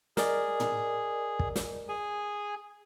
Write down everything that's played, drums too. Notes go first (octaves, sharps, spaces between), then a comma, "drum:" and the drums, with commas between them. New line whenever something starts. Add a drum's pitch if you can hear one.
G#4 A#4 D5 D#5, drum: snare
drum: tom
drum: kick
drum: snare
G#4 G#5